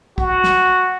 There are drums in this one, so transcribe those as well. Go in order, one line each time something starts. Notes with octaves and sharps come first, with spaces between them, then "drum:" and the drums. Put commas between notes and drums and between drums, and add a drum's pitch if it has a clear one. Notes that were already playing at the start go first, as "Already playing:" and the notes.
F#4, drum: kick
drum: snare